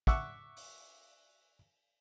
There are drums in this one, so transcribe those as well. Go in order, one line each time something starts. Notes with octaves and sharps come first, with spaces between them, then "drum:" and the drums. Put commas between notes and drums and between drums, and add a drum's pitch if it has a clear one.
E5 F#5 C#6 D6 E6, drum: kick
drum: open hi-hat